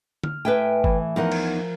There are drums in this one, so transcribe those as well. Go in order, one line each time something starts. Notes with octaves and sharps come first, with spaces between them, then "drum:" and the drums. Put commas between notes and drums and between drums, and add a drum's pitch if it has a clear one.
F6, drum: tom D3
A2 B4 E5 G5 G#5
E3, drum: kick G1
E2 F3 D#4 A#4 F#5
drum: cymbal